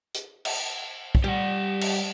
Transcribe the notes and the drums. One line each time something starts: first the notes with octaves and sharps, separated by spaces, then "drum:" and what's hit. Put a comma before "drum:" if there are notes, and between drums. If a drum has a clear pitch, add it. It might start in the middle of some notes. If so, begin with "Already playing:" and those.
drum: hi-hat
drum: cymbal
drum: kick
G3 G4 F#5
drum: cymbal